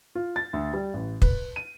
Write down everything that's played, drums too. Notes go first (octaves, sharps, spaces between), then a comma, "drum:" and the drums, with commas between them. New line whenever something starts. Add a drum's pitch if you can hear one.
F4
A6
D2
G3
A1
B4, drum: kick
D#7